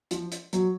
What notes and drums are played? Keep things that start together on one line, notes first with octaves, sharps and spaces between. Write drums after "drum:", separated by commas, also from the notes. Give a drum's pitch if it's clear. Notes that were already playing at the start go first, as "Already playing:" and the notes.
F3, drum: hi-hat
drum: hi-hat
F#3, drum: hi-hat